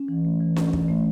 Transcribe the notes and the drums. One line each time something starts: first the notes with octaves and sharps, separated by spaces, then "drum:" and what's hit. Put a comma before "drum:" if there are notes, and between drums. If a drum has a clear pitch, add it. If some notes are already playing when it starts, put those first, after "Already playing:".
Already playing: C#4
E3
A3
E3
C#4, drum: snare D4
E3, drum: kick
A3